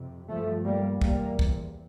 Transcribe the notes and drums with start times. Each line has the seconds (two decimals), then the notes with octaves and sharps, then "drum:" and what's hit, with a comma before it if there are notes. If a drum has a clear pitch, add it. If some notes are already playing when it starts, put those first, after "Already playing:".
Already playing: F2 C3
0.28 G2 F3 A3
0.65 G3 A#3
1.02 E2 C3 G3 A#3, drum: kick
1.39 drum: kick